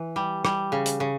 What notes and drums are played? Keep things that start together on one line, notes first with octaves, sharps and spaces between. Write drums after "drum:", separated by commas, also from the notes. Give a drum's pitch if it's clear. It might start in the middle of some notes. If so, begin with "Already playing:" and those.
Already playing: E3
G3
G3, drum: rim click
C#3
drum: hi-hat
C#3